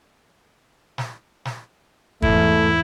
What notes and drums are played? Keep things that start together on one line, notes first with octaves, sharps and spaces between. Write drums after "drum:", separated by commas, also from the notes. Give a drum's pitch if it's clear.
drum: snare
drum: snare
E2 G#2 A3 E4, drum: kick